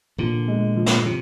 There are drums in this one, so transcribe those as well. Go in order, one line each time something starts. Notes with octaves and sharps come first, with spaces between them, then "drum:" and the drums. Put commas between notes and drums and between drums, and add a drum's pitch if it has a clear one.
A#2 D3 F3
G#3
F3
drum: snare
C3 F3